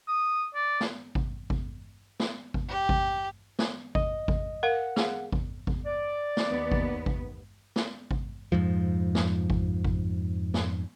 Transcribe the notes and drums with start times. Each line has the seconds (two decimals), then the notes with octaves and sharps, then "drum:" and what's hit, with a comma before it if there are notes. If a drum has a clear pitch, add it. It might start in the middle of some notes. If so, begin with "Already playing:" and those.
0.08 D#6
0.55 D5
0.81 drum: snare
1.15 drum: kick G#1
1.50 drum: kick G#1
2.20 drum: snare
2.54 drum: kick G#1
2.68 G4
2.89 drum: kick G#1
3.59 drum: snare
3.95 D#5, drum: kick G#1
4.28 drum: kick G#1
4.63 A#4 F5 F#5
4.96 G#4 F5, drum: snare
5.32 drum: kick G#1
5.67 drum: kick G#1
5.86 D5
6.37 drum: snare
6.47 D#2 B3
6.72 drum: kick G#1
7.06 drum: kick G#1
7.76 drum: snare
8.11 drum: kick G#1
8.52 F2 G#2 F3
9.15 drum: snare
9.50 drum: kick G#1
9.84 drum: kick G#1
10.54 drum: snare